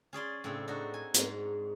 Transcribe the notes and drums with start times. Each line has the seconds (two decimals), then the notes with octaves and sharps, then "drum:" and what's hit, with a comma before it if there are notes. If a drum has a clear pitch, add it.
0.13 C#4 G#4 D5 C6
0.44 A2 C#3 C4 D4
0.68 D4 D#4 F#4
0.94 G#5
1.14 G#2, drum: hi-hat